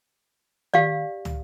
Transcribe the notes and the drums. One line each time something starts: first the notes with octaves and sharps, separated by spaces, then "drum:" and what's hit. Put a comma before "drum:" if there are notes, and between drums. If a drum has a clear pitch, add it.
G4 D5 F5, drum: tom D#3
drum: tom